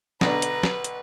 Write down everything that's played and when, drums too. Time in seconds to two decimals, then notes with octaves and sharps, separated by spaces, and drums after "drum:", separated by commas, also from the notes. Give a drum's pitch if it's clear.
0.21 B1 D3 B4 D5 A#5, drum: snare
0.42 drum: hi-hat
0.63 drum: snare
0.84 drum: hi-hat